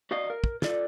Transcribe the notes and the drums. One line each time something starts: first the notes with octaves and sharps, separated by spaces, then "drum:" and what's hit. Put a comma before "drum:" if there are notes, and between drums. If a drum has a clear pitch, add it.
F#4 D5 D#5 F5
A#4
drum: kick
F4 A4 D5, drum: snare